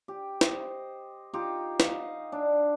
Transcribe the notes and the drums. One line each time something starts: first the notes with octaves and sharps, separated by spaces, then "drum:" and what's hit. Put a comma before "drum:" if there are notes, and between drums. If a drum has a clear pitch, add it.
G4
C5 D#5, drum: snare
D#4 F4 G4
D#5 F5 F#5, drum: snare
D4